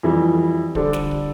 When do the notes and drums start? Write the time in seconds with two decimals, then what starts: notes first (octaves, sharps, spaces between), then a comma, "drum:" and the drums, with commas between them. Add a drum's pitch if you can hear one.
0.03 F2 E3 G3
0.75 D3 G3 D4 A4 C5, drum: kick
0.93 drum: snare
1.11 drum: kick